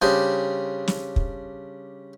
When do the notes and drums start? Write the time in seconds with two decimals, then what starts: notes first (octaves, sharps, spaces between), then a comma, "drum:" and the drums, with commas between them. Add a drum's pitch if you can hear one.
0.02 C#3 G3 D4 C5 D#6
0.88 drum: snare
1.16 drum: kick